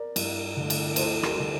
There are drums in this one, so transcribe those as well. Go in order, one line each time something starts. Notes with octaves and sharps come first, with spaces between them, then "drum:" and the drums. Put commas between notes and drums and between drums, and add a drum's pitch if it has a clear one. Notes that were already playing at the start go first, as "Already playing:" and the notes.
Already playing: A#4 D5
G2, drum: cymbal
D3 A3
drum: cymbal
D2 A4 C5, drum: cymbal
G4 A#4, drum: rim click
D3 G3